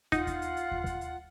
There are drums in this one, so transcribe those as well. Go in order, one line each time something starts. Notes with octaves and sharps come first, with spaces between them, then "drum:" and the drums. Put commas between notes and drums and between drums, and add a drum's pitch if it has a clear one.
D#4 F4 F#5, drum: kick, hi-hat
drum: kick, hi-hat
drum: hi-hat
drum: hi-hat
drum: kick
drum: kick, hi-hat
drum: hi-hat